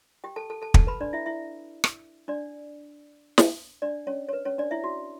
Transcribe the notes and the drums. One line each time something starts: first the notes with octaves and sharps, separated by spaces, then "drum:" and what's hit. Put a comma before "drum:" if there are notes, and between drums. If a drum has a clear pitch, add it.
G4 G5
A4 A5
A4 A5
A4 A5
A4 A5, drum: kick
B4 B5
D4 D5
E4 E5
E4 E5
drum: rim click
D4 D5
drum: snare
D4 D5
C#4 C#5
C#5
B4
C#4 C#5
D4 D5
E4 E5
F#4